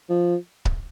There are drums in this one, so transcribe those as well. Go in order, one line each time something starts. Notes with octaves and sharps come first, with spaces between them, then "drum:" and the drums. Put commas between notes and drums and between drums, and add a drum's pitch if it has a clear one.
F3
drum: kick C#1